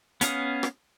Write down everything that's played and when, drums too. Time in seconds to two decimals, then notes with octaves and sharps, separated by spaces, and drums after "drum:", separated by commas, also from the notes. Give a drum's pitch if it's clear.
0.21 B3 C#4 F5 D#6, drum: hi-hat
0.63 drum: rim click